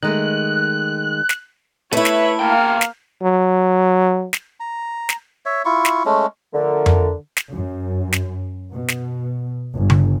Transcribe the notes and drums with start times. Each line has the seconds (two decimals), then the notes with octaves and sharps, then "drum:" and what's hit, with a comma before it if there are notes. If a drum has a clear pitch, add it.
0.03 D#3 G#3 A3 F#6
1.29 drum: snare
1.93 A3 E4 B4 C#5 E5
2.05 drum: snare
2.40 B2 A#3 F5 G5
2.81 drum: snare
3.22 F#3
4.33 drum: snare
4.60 A#5
5.09 drum: snare
5.46 C#5 E5
5.65 E4 F4 C#6
5.85 drum: snare
6.05 G#3 A3 C#4
6.54 D3 F3 A3 A#4
6.86 drum: tom F2
7.37 drum: snare
7.52 F#2
8.12 drum: snare
8.71 B2
8.88 drum: snare
9.75 G1
9.90 drum: tom C#3